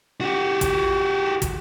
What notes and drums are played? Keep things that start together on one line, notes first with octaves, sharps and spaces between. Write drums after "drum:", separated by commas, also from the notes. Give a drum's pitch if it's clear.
F#4 G4
drum: kick, hi-hat
drum: kick, hi-hat